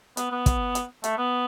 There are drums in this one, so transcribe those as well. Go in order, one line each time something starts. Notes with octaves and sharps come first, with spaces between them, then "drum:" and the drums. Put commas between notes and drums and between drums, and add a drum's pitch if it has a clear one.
B3, drum: hi-hat
B3
drum: kick, hi-hat
drum: hi-hat
A3, drum: hi-hat
B3